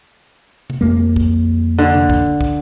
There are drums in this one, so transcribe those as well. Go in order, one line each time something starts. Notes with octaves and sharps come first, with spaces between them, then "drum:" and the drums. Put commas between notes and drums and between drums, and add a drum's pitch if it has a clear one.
drum: tom C3
F2 A3 A#3
drum: kick
D3
drum: tom C3
drum: kick
drum: kick